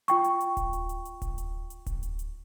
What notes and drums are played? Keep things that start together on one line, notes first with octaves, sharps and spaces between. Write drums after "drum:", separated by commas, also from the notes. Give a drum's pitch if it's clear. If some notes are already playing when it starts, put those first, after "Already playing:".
F4 G5 C#6, drum: hi-hat
drum: hi-hat
drum: hi-hat
drum: kick D1, hi-hat
drum: hi-hat
drum: hi-hat
drum: hi-hat
drum: kick D1, hi-hat
drum: hi-hat
drum: hi-hat
drum: kick D1, hi-hat
drum: hi-hat
drum: hi-hat